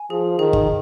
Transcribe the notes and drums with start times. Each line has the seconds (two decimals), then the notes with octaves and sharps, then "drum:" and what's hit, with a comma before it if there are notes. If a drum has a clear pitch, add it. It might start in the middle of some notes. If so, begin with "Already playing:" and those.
Already playing: G#5
0.10 F3 G#4
0.38 D#3 G#4
0.53 drum: kick